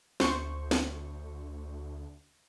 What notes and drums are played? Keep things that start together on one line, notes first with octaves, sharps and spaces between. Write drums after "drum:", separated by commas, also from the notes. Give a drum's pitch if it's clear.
D2 C5 C#6, drum: snare
drum: snare